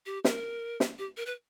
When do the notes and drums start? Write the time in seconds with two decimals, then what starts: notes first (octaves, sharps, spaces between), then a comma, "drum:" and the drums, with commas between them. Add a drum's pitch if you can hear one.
0.06 G4
0.24 A#4, drum: snare
0.80 drum: snare
0.99 G4
1.17 A#4
1.26 B4